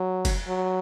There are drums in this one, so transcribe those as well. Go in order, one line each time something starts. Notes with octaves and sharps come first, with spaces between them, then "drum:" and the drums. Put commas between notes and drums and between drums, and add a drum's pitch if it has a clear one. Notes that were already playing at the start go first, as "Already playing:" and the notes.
Already playing: F#3
drum: kick, cymbal
F#3